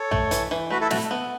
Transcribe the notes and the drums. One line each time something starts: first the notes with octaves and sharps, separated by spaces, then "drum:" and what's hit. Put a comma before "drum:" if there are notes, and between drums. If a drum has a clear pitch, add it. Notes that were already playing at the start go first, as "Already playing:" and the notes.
Already playing: A4 C#5
A3, drum: tom
E3, drum: hi-hat
E3
A3 F#4 B4
E4 A4
A3 F#4, drum: snare
B3